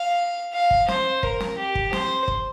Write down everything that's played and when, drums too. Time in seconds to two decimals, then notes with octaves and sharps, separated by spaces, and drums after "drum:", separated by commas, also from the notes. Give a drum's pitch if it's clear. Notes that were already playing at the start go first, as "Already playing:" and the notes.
Already playing: F5
0.53 F5
0.71 drum: kick
0.88 C5, drum: snare
1.23 A#4, drum: kick
1.40 drum: snare
1.57 G4
1.75 drum: kick
1.93 C5, drum: snare
2.28 drum: kick